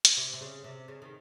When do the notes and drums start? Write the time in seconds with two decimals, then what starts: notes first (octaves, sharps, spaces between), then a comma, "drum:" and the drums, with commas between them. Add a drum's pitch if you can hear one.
0.05 drum: hi-hat
0.17 C3
0.33 C3
0.41 C#3
0.64 C3
0.88 C#3
1.02 D#3